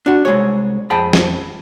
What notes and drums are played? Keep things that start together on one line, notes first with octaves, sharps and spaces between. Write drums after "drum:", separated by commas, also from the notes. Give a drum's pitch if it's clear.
D4 F#4
C2 G#3 G#4 C#5
F2 G#4 G5 A5 B5
drum: snare